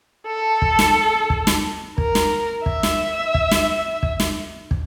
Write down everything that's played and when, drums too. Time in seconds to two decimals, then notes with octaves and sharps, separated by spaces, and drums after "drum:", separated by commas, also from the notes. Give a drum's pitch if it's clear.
0.27 A4
0.62 drum: kick
0.79 drum: snare
1.30 drum: kick
1.47 drum: snare
1.98 A#4, drum: kick
2.15 drum: snare
2.66 E5, drum: kick
2.83 drum: snare
3.34 drum: kick
3.52 drum: snare
4.03 drum: kick
4.20 drum: snare
4.71 drum: kick